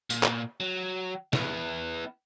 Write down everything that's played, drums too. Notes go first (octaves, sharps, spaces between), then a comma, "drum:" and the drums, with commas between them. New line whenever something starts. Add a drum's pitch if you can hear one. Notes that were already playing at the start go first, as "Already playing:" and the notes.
A#2, drum: tambourine
drum: clap
F#3
B3 E4, drum: snare